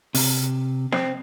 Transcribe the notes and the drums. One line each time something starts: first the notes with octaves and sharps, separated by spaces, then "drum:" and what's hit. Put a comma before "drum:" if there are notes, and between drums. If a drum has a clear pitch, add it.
C3, drum: open hi-hat
C4, drum: snare